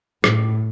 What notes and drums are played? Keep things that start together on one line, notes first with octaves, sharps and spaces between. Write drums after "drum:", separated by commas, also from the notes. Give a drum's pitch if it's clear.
A2, drum: rim click